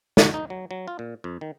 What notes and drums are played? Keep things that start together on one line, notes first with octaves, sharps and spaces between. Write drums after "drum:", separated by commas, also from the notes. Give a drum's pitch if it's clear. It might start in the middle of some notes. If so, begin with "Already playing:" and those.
F#4, drum: snare
D#4
F#3
F#3
F4
A#2
F2
D#3